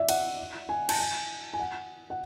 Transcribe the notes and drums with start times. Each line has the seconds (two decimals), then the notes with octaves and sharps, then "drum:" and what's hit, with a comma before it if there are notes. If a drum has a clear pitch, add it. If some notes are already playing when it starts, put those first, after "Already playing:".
Already playing: D5 E5
0.09 F#5, drum: cymbal
0.69 G#5
0.89 A5, drum: cymbal
0.99 G#5
1.54 G#5
1.59 F#5
2.10 F#5